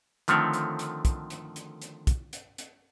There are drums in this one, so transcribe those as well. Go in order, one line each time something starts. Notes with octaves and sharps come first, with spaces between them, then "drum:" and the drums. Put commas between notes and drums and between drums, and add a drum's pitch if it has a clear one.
D3 D#3 F3 A3 C4 C#5, drum: hi-hat
drum: hi-hat
drum: hi-hat
drum: kick, hi-hat
drum: hi-hat
drum: hi-hat
drum: hi-hat
drum: kick, hi-hat
drum: hi-hat
drum: hi-hat